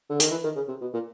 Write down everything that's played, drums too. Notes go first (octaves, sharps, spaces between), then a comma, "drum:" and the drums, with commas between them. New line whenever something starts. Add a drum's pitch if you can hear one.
D3
D#3, drum: hi-hat
E3
D#3
C#3
C3
B2
A#2